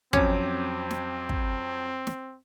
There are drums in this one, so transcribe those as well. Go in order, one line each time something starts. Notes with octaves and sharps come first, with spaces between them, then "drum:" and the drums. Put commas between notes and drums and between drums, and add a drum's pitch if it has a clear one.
F2 F#3 C4 C#4 D6, drum: kick
drum: snare
drum: kick
drum: snare